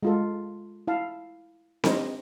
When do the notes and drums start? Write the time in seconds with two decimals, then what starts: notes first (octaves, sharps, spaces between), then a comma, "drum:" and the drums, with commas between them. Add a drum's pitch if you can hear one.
0.03 G#3 F4 A4
0.87 E4 F5 A5
1.84 C4 D4 D#4 C5 D#5, drum: snare C4